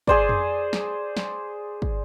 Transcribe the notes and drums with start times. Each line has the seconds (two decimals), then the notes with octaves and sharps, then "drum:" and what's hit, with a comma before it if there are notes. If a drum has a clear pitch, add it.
0.07 G#4 C5 D5, drum: kick
0.29 drum: tom F2
0.73 drum: snare
1.17 drum: snare
1.82 drum: kick